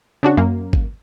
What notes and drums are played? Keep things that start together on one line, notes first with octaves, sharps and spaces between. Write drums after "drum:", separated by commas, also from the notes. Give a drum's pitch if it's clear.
C#3 D4 F#4
F#2 A#3
drum: kick G#1